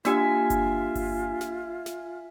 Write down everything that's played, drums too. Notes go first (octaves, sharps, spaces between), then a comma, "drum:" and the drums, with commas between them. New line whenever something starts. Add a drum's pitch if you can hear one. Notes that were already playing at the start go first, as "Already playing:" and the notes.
A#3 D4 F4 G4 E5 G#5, drum: snare
drum: kick G1, hi-hat
drum: kick G1, open hi-hat
drum: snare
drum: snare